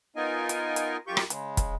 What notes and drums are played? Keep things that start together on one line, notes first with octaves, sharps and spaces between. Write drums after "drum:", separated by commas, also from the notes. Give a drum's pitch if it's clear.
B3 D#4 F4 A#4 D#5 G#5
drum: hi-hat
drum: hi-hat
F#2 F4 G4 C#6 G6
drum: rim click
C#3 G#3, drum: hi-hat
drum: kick, hi-hat